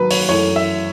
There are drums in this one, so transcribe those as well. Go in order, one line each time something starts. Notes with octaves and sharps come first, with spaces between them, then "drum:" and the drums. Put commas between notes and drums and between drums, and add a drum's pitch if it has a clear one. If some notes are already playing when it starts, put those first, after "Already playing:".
Already playing: G#2 D#3 F#3 B4
C#5, drum: open hi-hat
F#2 E3 A3 C#5
E5